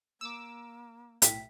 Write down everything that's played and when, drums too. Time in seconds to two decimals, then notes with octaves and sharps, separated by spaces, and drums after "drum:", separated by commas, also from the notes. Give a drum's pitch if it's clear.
0.21 A#3 D6 E6
1.22 B1 A2 E5 G5 B6, drum: hi-hat